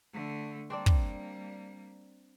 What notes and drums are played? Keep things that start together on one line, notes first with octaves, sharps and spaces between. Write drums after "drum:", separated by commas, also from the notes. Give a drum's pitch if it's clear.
D3 A3
G3 A#3 C4 D4 D5
drum: kick